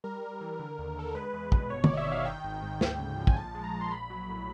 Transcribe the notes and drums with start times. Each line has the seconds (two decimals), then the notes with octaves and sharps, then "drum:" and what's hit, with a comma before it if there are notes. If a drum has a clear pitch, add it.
0.04 G3 A#4
0.23 G3
0.41 E3
0.59 D3
0.78 D#2
0.97 D3 A4
1.07 A#4
1.15 G#3 B4
1.33 E2
1.52 B2, drum: kick
1.70 G1 C#5
1.84 G1 D5, drum: tom
1.93 D#5
1.97 E5
2.06 D#3
2.12 F5
2.25 D#3 G5
2.44 G#1
2.62 G#2
2.81 D2, drum: snare
2.99 C#3
3.17 F3
3.27 G#5, drum: kick
3.36 A#1 A5
3.54 G#3
3.64 A#5
3.73 A#1
3.81 C6
3.91 A#1 B5
4.10 F#3
4.29 A2